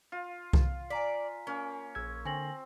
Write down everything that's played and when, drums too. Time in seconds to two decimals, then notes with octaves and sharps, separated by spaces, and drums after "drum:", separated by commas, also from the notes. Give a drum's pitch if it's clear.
0.12 F4
0.53 drum: kick C2
0.90 D5 G#5 A#5 B6
1.47 A#3 C#4
1.95 A#1 E6 G#6
2.25 D3 C4 G#5 A#6 F#7